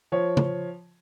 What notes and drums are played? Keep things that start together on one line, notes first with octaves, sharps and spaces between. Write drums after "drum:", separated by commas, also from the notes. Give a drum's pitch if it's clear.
F3 C#5
drum: tom C#3